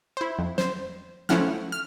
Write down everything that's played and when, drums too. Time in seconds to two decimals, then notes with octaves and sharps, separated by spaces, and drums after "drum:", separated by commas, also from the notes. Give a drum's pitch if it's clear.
0.17 E4 C5
0.39 F2
0.58 C5, drum: snare
1.29 F3 A3 C#4 E4 F#5 F6, drum: snare
1.72 F6